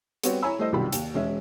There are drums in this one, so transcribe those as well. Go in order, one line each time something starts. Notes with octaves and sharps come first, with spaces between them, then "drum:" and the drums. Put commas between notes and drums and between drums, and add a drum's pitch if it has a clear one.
G3 B3 C4 F#4 C#5, drum: hi-hat
E4 C#5 G#5 A#5 B5 E6
G3 A3 E4 C5 D#5
B1 G2 C3 D#3 F4 B5
D#2, drum: hi-hat
E1 G#3 C#4 E5